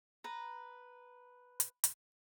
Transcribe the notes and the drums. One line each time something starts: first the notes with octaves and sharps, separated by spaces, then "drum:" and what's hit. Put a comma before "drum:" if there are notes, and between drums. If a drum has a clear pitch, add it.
B4 A#5
drum: hi-hat
drum: hi-hat